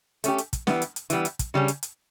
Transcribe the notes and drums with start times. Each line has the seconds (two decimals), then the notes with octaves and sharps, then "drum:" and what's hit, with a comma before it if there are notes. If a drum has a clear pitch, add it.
0.24 A3 C#4 G4, drum: hi-hat
0.38 drum: hi-hat
0.53 drum: kick, hi-hat
0.67 E3 G3 B3, drum: snare
0.82 drum: hi-hat
0.96 drum: hi-hat
1.10 E3 G3 B3, drum: hi-hat
1.25 drum: hi-hat
1.39 drum: kick, hi-hat
1.54 C#3 G3 C#4
1.68 drum: hi-hat
1.83 drum: hi-hat